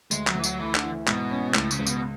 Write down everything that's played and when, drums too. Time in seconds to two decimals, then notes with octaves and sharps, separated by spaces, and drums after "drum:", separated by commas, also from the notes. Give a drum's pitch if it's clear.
0.11 D2 G#3, drum: tambourine
0.27 F#3, drum: clap
0.35 D2 E3
0.44 F#3, drum: tambourine
0.59 E3 A3
0.75 D3, drum: clap
0.84 E3
1.07 G#2 B2, drum: clap
1.31 C#4
1.55 C#2 A2, drum: clap
1.71 C#3, drum: tambourine
1.79 C#2
1.87 B2, drum: tambourine